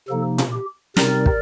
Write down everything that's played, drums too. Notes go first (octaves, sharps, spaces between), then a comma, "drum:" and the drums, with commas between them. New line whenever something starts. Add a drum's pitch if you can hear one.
C3 F3 A#3 D#4 A4
drum: tom A#2
G4
C3 G3 C4 D#4 A#4 D5, drum: snare
drum: kick